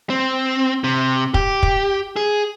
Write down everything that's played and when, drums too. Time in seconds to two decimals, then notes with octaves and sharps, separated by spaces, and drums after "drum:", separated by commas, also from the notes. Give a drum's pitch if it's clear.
0.10 C4
0.84 C3
1.34 G4, drum: kick
1.63 drum: kick
2.16 G#4